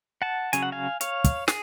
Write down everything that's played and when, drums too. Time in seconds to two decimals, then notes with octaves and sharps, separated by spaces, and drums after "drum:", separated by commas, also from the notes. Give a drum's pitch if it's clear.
0.22 F#5 A5
0.53 C#3 F#3 C#4 G#5, drum: hi-hat
0.63 F#5
0.72 F5 G#5
1.01 C#5 F5, drum: hi-hat
1.24 drum: kick, hi-hat
1.48 G#4, drum: snare